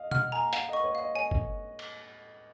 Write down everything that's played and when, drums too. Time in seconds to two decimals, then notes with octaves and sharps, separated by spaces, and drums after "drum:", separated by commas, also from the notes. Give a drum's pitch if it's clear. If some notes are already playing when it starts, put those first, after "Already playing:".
Already playing: D#5 F5
0.11 F#5 F6, drum: tom B2
0.32 G#5 A#5
0.53 F5 F#5, drum: hi-hat
0.69 D#5 C#6
0.79 B4
0.84 C#5
0.95 D#5 F5
1.15 C#5 G#5
1.31 drum: kick
1.79 drum: cymbal